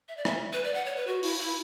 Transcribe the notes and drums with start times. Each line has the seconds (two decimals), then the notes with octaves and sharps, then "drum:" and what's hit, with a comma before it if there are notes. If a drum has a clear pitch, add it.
0.09 E5
0.17 D5
0.25 E5, drum: rim click
0.53 B4
0.64 D5
0.74 F#5
0.86 C#5
0.96 B4
1.07 F#4
1.23 E4, drum: open hi-hat
1.39 E4